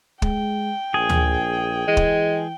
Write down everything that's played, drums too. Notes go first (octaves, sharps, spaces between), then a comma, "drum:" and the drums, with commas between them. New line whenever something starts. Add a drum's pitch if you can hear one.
G#3 G5, drum: kick
A#1 G#4
drum: tom D2
E3 G#3
drum: kick